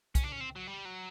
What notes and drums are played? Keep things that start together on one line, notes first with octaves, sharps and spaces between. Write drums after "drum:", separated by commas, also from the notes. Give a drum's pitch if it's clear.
C#4, drum: kick, hi-hat
D4
C#4
C4
F#3
G3
F#3